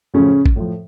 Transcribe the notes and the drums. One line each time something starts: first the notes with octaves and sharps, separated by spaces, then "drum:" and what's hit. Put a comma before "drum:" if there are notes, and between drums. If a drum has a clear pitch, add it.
A2 C#3 F3 C#4
drum: kick G#1
A2 F3